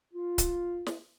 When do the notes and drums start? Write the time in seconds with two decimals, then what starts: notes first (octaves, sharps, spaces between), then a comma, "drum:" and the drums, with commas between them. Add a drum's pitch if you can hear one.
0.14 F4
0.38 drum: kick C#1, hi-hat
0.86 drum: snare